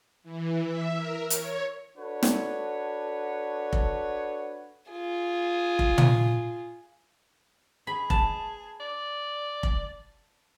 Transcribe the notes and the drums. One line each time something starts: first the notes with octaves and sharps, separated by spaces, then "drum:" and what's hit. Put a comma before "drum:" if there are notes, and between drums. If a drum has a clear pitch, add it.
E3
E5
A#4
C#5, drum: hi-hat
D4 F#4 A4 B4 C#5
drum: snare
drum: kick F1
F4 G#4
drum: kick F1
drum: tom
G#4 B5
A5, drum: kick F1
D5
drum: kick F1